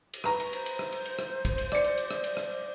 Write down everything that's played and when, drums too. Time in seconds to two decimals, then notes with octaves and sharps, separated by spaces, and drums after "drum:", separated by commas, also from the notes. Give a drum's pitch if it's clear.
0.14 drum: cymbal
0.24 B4 A#5 C#6, drum: rim click
0.40 drum: cymbal
0.53 C5, drum: cymbal
0.66 drum: cymbal
0.79 drum: rim click
0.92 drum: cymbal
1.05 drum: cymbal
1.19 drum: rim click
1.45 drum: kick, cymbal
1.58 drum: cymbal
1.72 D5 C#7, drum: rim click
1.84 drum: cymbal
1.97 drum: cymbal
2.11 drum: rim click
2.24 drum: cymbal
2.37 drum: rim click